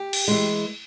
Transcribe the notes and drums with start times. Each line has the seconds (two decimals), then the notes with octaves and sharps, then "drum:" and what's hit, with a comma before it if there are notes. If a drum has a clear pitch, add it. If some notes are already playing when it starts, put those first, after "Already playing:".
Already playing: G4
0.13 drum: cymbal
0.28 E3 G#3